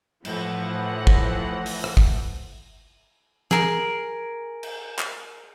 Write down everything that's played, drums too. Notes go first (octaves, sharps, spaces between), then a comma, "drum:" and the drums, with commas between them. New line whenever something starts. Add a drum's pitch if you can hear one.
A2 E3 F3 F#5, drum: cymbal
drum: kick
drum: open hi-hat
drum: rim click
drum: kick
G#4 A#4, drum: snare
drum: cymbal
drum: clap